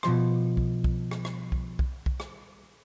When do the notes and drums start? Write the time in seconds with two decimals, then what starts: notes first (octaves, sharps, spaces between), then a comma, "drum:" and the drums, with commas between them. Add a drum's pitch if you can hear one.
0.03 B2 F3 C6, drum: rim click
0.57 drum: kick B1
0.84 drum: kick B1
1.11 drum: rim click
1.25 drum: rim click
1.52 drum: kick B1
1.79 drum: kick B1
2.06 drum: kick B1
2.20 drum: rim click